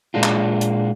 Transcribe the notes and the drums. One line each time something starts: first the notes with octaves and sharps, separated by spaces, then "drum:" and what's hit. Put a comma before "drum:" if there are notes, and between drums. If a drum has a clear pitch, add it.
A#2 G#3 D4 F4
drum: clap
drum: hi-hat